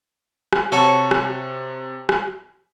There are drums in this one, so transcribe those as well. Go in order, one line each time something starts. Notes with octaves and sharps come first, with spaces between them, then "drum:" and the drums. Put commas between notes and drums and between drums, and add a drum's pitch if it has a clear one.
drum: rim click
C3 F#4 A4 C#5
drum: rim click
drum: rim click